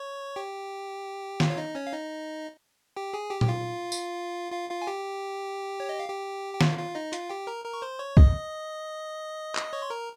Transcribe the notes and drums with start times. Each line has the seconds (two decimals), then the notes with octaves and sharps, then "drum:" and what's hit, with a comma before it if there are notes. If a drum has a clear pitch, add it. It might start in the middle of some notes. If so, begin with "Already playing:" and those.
Already playing: C#5 C#6
0.36 G4 G5
1.40 F4 F5, drum: snare
1.50 C#5
1.57 D#4 D#5
1.75 C#4 C#5
1.87 F5
1.92 D#4 D#5
2.96 G4 G5
3.14 G#4 G#5
3.31 G4 G5
3.41 G5, drum: tom
3.48 F4 F5
3.92 drum: tambourine
4.52 F4 F5
4.70 F4 F5
4.82 G#5
4.87 G4 G5
5.80 C#5
5.89 D#5
6.00 F5
6.08 G4 G5
6.54 G5
6.61 F4 F5, drum: snare
6.78 F4 F5
6.95 D#4 D#5
7.13 F4 F5, drum: hi-hat
7.30 G4 G5
7.47 A#4 A#5
7.64 A#4 A#5
7.74 C#6
7.82 C5 C6
7.99 C#5 C#6
8.17 D#5 D#6, drum: kick
9.55 drum: clap
9.73 C#5 C#6
9.82 C6
9.90 A#4 A#5